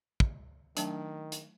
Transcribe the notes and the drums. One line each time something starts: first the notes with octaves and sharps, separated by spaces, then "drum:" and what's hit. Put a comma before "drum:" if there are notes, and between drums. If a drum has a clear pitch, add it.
drum: kick
D#3 F#3 A3 D4 A5, drum: hi-hat
drum: hi-hat